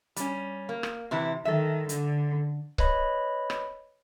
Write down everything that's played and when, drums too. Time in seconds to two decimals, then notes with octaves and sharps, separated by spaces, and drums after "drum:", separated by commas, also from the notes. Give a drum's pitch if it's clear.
0.16 G3 C#4, drum: hi-hat
0.69 A#3
0.83 drum: rim click
1.11 C3 E3 E4
1.45 D#3 A4 E5
1.89 D3, drum: hi-hat
2.78 B4 C#5 D#5 B5, drum: kick C#1
3.50 drum: rim click